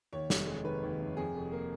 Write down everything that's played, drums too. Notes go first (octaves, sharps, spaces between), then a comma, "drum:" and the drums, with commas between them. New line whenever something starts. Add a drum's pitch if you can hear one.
D#2 C#5
F1, drum: snare
G#3
D#3 B4
D#2
F1
F2 G#4
F1
A#3